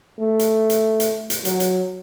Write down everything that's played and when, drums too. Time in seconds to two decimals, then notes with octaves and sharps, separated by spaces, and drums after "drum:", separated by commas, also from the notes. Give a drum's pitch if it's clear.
0.19 A3
0.39 drum: hi-hat
0.70 drum: hi-hat
1.00 drum: hi-hat
1.30 drum: hi-hat
1.45 F#3, drum: hi-hat
1.60 drum: hi-hat